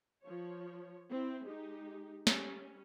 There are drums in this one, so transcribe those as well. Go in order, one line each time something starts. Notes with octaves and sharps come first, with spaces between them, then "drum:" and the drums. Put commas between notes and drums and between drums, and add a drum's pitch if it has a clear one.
F3 C#5
C4 E4
G#3 D#4 G4
G3 C#4, drum: snare